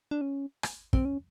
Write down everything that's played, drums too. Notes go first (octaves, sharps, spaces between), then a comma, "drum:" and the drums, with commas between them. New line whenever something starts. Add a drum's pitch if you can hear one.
D4
C#4
drum: rim click
C4, drum: kick
C#4